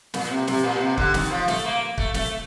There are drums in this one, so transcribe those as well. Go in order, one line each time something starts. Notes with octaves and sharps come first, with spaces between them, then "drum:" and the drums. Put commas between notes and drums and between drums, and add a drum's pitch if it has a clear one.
A#2, drum: snare
C3
C3, drum: snare
A#2
C3
D3, drum: kick
D#3, drum: snare
F3
A3, drum: snare
A#3
A3, drum: kick
A3, drum: snare